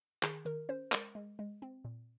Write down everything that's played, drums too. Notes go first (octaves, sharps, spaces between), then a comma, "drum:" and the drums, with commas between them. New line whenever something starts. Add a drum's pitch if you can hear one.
D#3 G#4, drum: clap
D#3 A#4
C#4 C5
G#3 A#4, drum: clap
G#3
G#3
C4
A#2